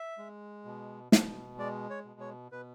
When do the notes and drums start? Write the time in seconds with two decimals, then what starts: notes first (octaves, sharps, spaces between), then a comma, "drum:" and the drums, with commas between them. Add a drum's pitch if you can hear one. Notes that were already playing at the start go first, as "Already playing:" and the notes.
Already playing: E5
0.18 G#3
0.65 B2
1.12 B2, drum: snare
1.58 G#3 D5
1.90 C#5
2.05 B2
2.20 C#5
2.52 B2 B4